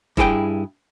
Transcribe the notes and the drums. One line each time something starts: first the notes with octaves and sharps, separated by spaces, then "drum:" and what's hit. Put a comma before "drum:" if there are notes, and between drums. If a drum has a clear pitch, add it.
G2 E4 G#4 B4 G5, drum: kick F1